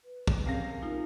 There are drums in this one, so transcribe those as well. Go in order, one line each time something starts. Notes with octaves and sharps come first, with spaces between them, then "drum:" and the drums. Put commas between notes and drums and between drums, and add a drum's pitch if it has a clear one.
B4
drum: kick
C3 C#4 G#4 A#4 F5 A#6
A3 D#4 F4